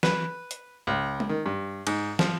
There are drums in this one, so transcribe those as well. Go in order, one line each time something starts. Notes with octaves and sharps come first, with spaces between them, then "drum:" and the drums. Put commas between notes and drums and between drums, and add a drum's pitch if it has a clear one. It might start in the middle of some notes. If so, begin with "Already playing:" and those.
B4, drum: snare
drum: hi-hat
C#2
drum: tom G#3
D#3
G2
G#2, drum: cymbal
F3, drum: snare